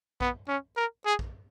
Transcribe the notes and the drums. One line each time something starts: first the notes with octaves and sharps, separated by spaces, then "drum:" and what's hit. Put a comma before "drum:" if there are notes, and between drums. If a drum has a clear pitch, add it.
B3, drum: kick
C#4
A#4
G#4
drum: kick